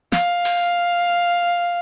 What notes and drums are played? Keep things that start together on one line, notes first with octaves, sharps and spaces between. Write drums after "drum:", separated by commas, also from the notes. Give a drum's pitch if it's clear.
F5, drum: snare
drum: open hi-hat